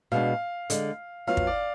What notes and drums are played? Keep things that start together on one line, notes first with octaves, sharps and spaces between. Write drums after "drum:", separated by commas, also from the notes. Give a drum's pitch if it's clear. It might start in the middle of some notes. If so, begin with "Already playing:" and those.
B2 G#3 D4 F5
D3 G#3 D4, drum: hi-hat
F#3 B3 F4 F5
drum: kick
D5